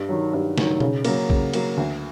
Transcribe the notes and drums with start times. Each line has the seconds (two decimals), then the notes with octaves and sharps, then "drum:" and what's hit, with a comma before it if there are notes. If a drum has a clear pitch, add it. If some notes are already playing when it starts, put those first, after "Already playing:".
Already playing: G2
0.09 D#3 F#3
0.33 G2
0.58 D#3 F#3, drum: snare
0.80 C#3, drum: tom B2
1.05 F#3 A#3, drum: cymbal
1.30 C#3, drum: kick
1.53 F#3 A#3, drum: cymbal
1.77 D2